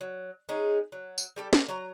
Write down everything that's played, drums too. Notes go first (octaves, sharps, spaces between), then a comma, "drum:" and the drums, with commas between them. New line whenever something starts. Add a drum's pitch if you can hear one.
F#3
G#3 C#4 D#4 G#4
F#3
drum: tambourine
G3 G4 A4
A#3, drum: snare
F#3 A#5